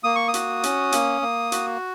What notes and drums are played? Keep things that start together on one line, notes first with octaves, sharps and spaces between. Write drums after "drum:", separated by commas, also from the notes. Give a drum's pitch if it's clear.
A#3 D#6
C#6
D#6
F#4, drum: hi-hat
C#4, drum: hi-hat
A#3, drum: hi-hat
A#3
F#4, drum: hi-hat